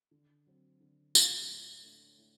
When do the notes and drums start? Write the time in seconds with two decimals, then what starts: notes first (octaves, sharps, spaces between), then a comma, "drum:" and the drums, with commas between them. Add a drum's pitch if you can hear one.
0.11 D3
0.47 F#3 C4
0.80 D3
1.15 F#3 C4, drum: tambourine
1.50 A2
1.84 A3 D4
2.18 A2